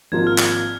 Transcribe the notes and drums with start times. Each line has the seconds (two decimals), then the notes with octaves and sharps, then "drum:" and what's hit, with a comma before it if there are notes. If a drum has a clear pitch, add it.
0.12 G#1 G#2 F3 A#3 F4 G#6
0.27 F6
0.38 drum: clap